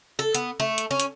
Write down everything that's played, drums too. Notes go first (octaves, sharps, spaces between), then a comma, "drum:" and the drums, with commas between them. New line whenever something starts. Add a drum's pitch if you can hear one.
A4
B3, drum: hi-hat
A3
drum: hi-hat
C#4
drum: hi-hat